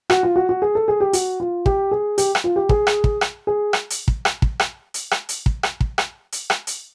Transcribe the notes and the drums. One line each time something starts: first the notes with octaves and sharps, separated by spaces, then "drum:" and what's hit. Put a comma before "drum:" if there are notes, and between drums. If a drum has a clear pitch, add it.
F#4, drum: rim click
F4
F#4
F#4
G#4
A4
G#4
G4
F#4, drum: hi-hat
F4
G4, drum: kick
G#4
G4, drum: hi-hat
drum: rim click
F4
G4
G#4, drum: kick
drum: rim click
drum: kick
drum: rim click
G#4
drum: rim click
drum: hi-hat
drum: kick
drum: rim click
drum: kick
drum: rim click
drum: hi-hat
drum: rim click
drum: hi-hat
drum: kick
drum: rim click
drum: kick
drum: rim click
drum: hi-hat
drum: rim click
drum: hi-hat